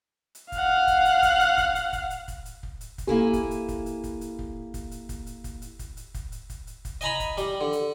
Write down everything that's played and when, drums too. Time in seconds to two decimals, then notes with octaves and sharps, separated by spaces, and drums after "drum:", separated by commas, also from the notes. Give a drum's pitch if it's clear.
0.35 drum: hi-hat
0.52 F5 F#5, drum: kick, hi-hat
0.87 drum: kick, hi-hat
1.05 drum: hi-hat
1.23 drum: kick, hi-hat
1.40 drum: hi-hat
1.58 drum: kick, hi-hat
1.75 drum: hi-hat
1.93 drum: kick, hi-hat
2.10 drum: hi-hat
2.28 drum: kick, hi-hat
2.46 drum: hi-hat
2.63 drum: kick
2.81 drum: hi-hat
2.98 drum: kick, hi-hat
3.07 A#3 E4 G4 A4 G#5
3.33 drum: kick, hi-hat
3.51 drum: hi-hat
3.68 drum: kick, hi-hat
3.86 drum: hi-hat
4.04 drum: kick, hi-hat
4.21 drum: hi-hat
4.39 drum: kick
4.74 drum: kick, hi-hat
4.91 drum: hi-hat
5.09 drum: kick, hi-hat
5.27 drum: hi-hat
5.44 drum: kick, hi-hat
5.62 drum: hi-hat
5.79 drum: kick, hi-hat
5.97 drum: hi-hat
6.14 drum: kick, hi-hat
6.32 drum: hi-hat
6.50 drum: kick, hi-hat
6.67 drum: hi-hat
6.85 drum: kick, hi-hat
7.01 D#5 G#5 A#5 B5, drum: hi-hat
7.20 drum: kick, hi-hat
7.37 G3, drum: hi-hat
7.61 D3
7.73 drum: hi-hat